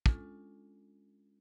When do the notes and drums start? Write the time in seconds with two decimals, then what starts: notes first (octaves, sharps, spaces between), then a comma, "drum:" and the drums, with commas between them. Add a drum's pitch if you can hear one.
0.06 G#3 C#4 D4 F4 A4, drum: kick